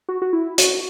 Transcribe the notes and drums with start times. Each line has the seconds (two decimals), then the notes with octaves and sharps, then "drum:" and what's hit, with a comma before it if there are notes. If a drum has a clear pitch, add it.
0.09 F#4
0.22 F#4
0.33 E4
0.58 F#4, drum: hi-hat